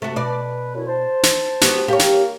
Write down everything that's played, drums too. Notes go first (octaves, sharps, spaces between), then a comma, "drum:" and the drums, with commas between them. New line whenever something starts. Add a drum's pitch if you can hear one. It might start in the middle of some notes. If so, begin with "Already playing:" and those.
C3 A3 F#4
B2 B4 D5
F#2 E4
C5 A5
drum: snare
G3 B3 F#4, drum: snare
A#3 G4 A#4 C#5
drum: snare